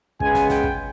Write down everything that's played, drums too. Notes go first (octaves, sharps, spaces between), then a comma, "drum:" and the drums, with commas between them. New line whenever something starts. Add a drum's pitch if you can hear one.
C#2 C#3 G#3 B3 G#5, drum: kick
drum: snare
G5, drum: snare
drum: kick